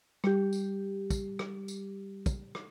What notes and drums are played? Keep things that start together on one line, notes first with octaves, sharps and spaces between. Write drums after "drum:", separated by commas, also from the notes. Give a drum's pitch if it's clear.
G3 G4, drum: rim click
drum: tambourine
drum: kick, tambourine
drum: rim click
drum: tambourine
drum: kick, tambourine
drum: rim click